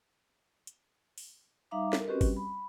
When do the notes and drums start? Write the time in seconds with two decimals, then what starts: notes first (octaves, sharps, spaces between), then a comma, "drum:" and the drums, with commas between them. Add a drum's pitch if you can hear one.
0.67 drum: hi-hat
1.18 drum: open hi-hat
1.71 G3 D#4 E5 F5 A#5 D6
1.93 A4 A#4, drum: snare
2.07 C4 C#4 F#4 G4 B4 D#5
2.21 G3, drum: kick, open hi-hat
2.37 B5